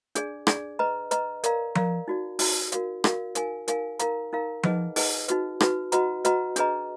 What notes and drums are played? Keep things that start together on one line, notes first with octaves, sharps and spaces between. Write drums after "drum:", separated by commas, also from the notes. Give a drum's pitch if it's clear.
D4 G#4 D5, drum: hi-hat
D4 G#4 D5, drum: rim click
B4 D#5 A#5
B4 D#5 A#5, drum: hi-hat
A#4 D5 F5 A#5, drum: hi-hat
A#4 D5 F5 A#5, drum: tom F3
D#4 F#4 D5
D#4 F#4 D5, drum: open hi-hat
F#4 A#4 D5 F5, drum: hi-hat
F#4 A#4 D5 F5, drum: rim click
D#4 A#4 F5 G#5, drum: hi-hat
D#4 A#4 F5 G#5, drum: hi-hat
D#4 A#4 F5 A#5, drum: hi-hat
D#4 A#4 F5 A#5
D#4 G#4 B4 D#5 F#5, drum: tom F3
D#4 G#4 B4 D#5 F#5, drum: open hi-hat
D#4 F#4 B4, drum: hi-hat
D#4 F#4 B4, drum: rim click
F#4 B4 D#5 F#5 A#5, drum: hi-hat
F#4 B4 D#5 F#5 A#5, drum: hi-hat
D4 G#4 B4 D#5 A#5, drum: hi-hat